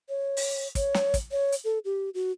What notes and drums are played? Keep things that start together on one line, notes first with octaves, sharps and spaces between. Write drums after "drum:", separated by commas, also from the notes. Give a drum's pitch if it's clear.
C#5
drum: open hi-hat
C#5, drum: kick, hi-hat
drum: snare
drum: kick, hi-hat
C#5
drum: hi-hat
A4
G4
F#4